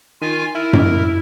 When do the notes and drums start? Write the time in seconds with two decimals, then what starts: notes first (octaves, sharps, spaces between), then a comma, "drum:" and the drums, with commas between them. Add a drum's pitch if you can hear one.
0.22 D#3 F4 G#5
0.55 E4 A#4
0.73 drum: tom F#2